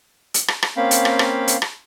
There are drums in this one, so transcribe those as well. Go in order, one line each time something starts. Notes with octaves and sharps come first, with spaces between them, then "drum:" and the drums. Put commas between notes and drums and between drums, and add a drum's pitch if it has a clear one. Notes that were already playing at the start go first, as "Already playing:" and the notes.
drum: hi-hat
drum: rim click
drum: rim click
A#3 C4 C#4 F5 G5 B5
drum: hi-hat
drum: rim click
drum: rim click
drum: hi-hat
drum: rim click